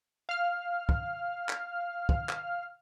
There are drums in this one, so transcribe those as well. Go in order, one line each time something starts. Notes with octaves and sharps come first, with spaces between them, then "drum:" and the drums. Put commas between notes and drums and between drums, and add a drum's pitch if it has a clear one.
F5 F6
drum: kick
drum: clap
drum: kick
drum: clap